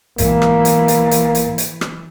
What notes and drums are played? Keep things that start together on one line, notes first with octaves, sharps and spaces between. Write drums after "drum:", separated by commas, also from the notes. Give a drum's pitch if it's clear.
B1 G#2 E3 A#3, drum: hi-hat
drum: rim click
drum: hi-hat
drum: hi-hat
drum: hi-hat
drum: hi-hat
drum: hi-hat
drum: rim click